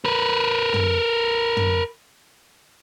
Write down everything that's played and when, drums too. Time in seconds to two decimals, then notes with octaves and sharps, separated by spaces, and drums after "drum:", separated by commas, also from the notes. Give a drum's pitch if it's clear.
0.05 A#4 B4
0.74 drum: tom
1.57 drum: tom